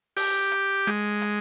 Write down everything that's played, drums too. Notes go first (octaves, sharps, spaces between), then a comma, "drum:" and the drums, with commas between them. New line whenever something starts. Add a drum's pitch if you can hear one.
G4, drum: open hi-hat
drum: hi-hat
G#3, drum: hi-hat
drum: hi-hat